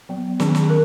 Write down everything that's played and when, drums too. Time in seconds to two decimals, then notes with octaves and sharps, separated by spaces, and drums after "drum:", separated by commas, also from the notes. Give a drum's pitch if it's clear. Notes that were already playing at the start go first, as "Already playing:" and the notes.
0.09 F#3 B3
0.40 D#3 F#3 C#4 G#4, drum: snare
0.55 drum: snare
0.70 A#4